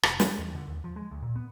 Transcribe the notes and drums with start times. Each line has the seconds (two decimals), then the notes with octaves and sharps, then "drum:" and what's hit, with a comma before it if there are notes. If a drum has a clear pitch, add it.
0.03 F1, drum: rim click
0.20 G#3, drum: snare
0.39 E2
0.55 D3
0.68 D#2
0.84 F3
0.96 G#3
1.11 D2
1.22 A#2
1.36 B3